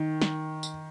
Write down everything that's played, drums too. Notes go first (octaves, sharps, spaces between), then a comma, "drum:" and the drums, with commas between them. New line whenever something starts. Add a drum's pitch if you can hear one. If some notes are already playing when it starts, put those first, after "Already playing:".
Already playing: D#3
drum: snare
drum: tambourine